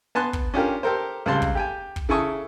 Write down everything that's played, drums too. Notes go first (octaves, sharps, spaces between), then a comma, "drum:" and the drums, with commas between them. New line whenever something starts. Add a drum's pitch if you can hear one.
B3 G#5 A5 C6 F#6
drum: kick
C#4 D4 F4 G4 A#4
G4 A4 A#4 C5
C#2 G3 C4 C5 A5 C6
drum: kick
G4 G5 G#5
drum: kick
C#3 E4 A4 G#5 C#6 D#6